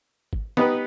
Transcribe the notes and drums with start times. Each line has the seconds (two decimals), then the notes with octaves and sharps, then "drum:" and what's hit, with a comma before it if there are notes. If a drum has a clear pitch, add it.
0.33 drum: kick G#1
0.57 B3 D#4 G4 B4, drum: snare